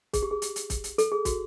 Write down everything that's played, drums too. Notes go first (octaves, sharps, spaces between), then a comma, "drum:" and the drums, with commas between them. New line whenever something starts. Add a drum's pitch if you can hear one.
G#4, drum: kick, hi-hat
G4
G#4
drum: hi-hat
drum: hi-hat
drum: kick, hi-hat
drum: hi-hat
A4, drum: hi-hat
G#4
F#4, drum: kick, hi-hat